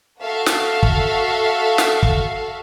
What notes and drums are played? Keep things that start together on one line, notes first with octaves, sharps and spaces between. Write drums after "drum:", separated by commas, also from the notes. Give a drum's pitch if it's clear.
F#4 A4 E5 F5
drum: snare
drum: kick
drum: snare
drum: kick